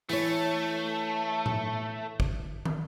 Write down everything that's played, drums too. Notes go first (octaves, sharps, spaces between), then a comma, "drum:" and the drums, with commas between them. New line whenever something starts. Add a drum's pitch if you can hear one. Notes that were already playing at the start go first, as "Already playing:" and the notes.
E3 A3 C#5, drum: open hi-hat
drum: tom A2
drum: kick G#1
drum: tom